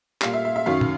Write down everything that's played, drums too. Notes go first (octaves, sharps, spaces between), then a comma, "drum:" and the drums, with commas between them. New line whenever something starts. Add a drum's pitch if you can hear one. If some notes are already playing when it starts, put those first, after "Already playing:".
A#2 G3 F5, drum: clap
E5
E5
E5
F#2 D#3 F#3 F5
drum: tom